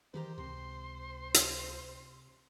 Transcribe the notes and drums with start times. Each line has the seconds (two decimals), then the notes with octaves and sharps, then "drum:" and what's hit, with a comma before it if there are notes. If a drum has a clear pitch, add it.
0.14 D#3 E3 G4 C5 A#5
0.38 C#2 C3 C6
1.34 drum: hi-hat